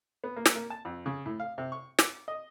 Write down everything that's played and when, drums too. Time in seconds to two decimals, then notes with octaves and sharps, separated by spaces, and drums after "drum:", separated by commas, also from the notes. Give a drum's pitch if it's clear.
0.24 B3
0.36 A#3
0.46 drum: snare
0.56 A#3
0.70 A5
0.85 F2
1.06 C#3
1.26 A2
1.40 F5
1.58 C3
1.72 C#6
1.99 D6, drum: snare
2.28 D#5